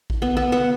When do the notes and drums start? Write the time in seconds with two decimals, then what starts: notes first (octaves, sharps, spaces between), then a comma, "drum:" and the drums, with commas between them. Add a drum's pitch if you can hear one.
0.10 drum: kick A1
0.22 B3
0.37 B3
0.52 B3, drum: tom